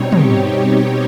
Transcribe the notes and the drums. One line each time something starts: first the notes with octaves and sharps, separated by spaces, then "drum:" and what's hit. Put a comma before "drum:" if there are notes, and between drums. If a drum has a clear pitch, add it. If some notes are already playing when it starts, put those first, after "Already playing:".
Already playing: B2 G3 C4 D#4 C#5
G4, drum: tom